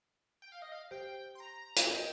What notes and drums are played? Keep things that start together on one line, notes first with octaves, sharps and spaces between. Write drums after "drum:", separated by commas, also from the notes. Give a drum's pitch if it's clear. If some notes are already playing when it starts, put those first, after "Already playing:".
G5
F5
D#5
F5
G4 C5 G5
C6
A#5
drum: hi-hat
A#4 D#5 G5